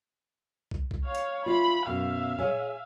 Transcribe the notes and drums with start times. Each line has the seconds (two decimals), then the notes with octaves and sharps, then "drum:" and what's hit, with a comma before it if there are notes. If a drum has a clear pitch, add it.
0.71 drum: kick
0.91 drum: kick
1.05 C#5 F5
1.15 drum: hi-hat
1.46 F4 E5 F5 B5
1.87 F#2 B2 E5 F5
2.39 G#4 C#5 G#5, drum: tom A#2